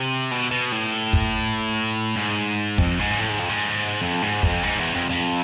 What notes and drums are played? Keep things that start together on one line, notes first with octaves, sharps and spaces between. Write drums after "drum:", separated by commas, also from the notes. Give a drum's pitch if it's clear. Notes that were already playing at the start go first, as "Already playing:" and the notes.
Already playing: C3
B2
B2
A2
drum: kick
G#2
F2, drum: kick
G#2
A2
G#2
F2
G#2
F2
G#2
F2, drum: kick
G#2
E2
F2
F2